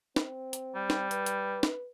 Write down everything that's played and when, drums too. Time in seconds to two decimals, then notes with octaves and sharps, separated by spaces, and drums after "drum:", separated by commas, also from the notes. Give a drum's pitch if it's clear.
0.16 C4, drum: snare
0.53 drum: hi-hat
0.75 G3
0.90 drum: snare
1.11 B4, drum: hi-hat
1.26 drum: hi-hat
1.63 drum: snare